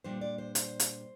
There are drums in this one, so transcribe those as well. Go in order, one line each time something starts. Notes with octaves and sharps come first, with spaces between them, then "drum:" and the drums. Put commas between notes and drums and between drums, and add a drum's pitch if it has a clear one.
A#2 G3 D4 C5
D5
C5
C5, drum: hi-hat
drum: hi-hat